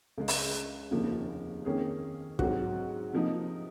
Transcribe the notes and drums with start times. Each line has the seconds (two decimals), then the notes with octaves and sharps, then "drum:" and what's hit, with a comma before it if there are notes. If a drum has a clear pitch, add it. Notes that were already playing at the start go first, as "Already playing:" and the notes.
0.18 C#2 C#3 G#3
0.28 drum: open hi-hat
0.91 F1 D#2 C#3 F3 A#3
1.65 F2 D#3 A#3 C#4 G#4
2.39 G#2 F#3 C4 F#4, drum: kick
3.13 C3 F3 A#3 D#4